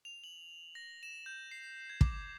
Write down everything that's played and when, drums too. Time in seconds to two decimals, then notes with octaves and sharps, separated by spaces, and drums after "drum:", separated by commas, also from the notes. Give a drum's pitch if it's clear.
0.05 F7
0.24 F#7
0.75 A#6
1.03 E7
1.26 G6
1.51 C7
1.90 G#6
2.01 D6, drum: kick